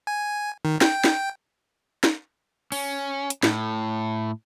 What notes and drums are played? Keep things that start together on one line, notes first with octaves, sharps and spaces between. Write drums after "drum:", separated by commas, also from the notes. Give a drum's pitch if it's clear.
G#5
D#3
G5, drum: snare
drum: snare
drum: snare
C#4, drum: open hi-hat
drum: hi-hat
A2, drum: snare